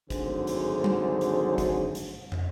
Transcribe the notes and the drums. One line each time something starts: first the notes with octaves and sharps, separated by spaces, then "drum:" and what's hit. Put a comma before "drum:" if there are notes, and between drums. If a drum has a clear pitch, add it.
G#1 D2 D3 F#3 G#4 C5, drum: kick, hi-hat
drum: hi-hat
drum: tom F#3
drum: hi-hat
drum: kick, hi-hat
drum: hi-hat
drum: tom